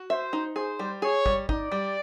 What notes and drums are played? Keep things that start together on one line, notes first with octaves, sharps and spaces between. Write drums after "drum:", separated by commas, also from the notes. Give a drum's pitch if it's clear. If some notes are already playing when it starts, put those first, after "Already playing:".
Already playing: F#4
C5 E5
D#4
G#4 C5
G3
G#4 C#5
G3, drum: kick
D#4 D5, drum: kick
G3